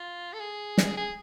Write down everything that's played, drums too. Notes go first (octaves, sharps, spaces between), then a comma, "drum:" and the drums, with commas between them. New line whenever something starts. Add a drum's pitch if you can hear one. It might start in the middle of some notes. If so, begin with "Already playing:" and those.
Already playing: F4
A4
G#4
drum: snare
G#4